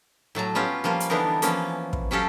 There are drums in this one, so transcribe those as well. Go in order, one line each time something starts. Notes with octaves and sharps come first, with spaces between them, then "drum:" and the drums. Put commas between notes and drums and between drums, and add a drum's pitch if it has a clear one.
A2 F#3 A5 A#5
B3 C#4 F4 G4
F3 G3 A#3 F4
drum: hi-hat
D3 E3 B3 D4 D#4 A#4
E3 F3 A#3 B3 C#4, drum: hi-hat
drum: kick
F#3 C#4 G4 A4 F5